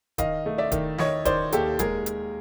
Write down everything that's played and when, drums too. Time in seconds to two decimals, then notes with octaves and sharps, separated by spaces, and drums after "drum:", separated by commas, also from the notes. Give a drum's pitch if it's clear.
0.18 D#3 D#5 F5, drum: kick D1, hi-hat
0.46 A3
0.58 D5 E5
0.72 D#3, drum: kick D1, hi-hat
0.98 D#3 C#5 D#5, drum: snare
1.25 D#3 C5 D5, drum: kick D1, hi-hat
1.52 D#2 G4 A4, drum: hi-hat
1.79 G#3 G#4 A#4, drum: kick D1, hi-hat
2.06 drum: hi-hat